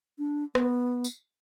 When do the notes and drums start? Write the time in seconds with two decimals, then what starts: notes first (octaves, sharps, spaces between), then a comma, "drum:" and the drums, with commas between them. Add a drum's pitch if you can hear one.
0.19 D4
0.55 B3, drum: rim click
1.04 drum: tambourine